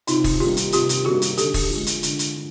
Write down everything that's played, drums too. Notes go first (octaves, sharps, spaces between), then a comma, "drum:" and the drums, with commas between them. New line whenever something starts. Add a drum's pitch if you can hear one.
C3 D#4 F4, drum: hi-hat
drum: kick, open hi-hat
D#3 G3 A#3 F4 G4
drum: hi-hat
C3 F4 G4, drum: hi-hat
drum: hi-hat
D#3 G3 A#3 F#4 G#4
drum: hi-hat
D3 G4 A4, drum: hi-hat
drum: kick, open hi-hat
F3 G#3
drum: hi-hat
D3, drum: hi-hat
drum: hi-hat
F3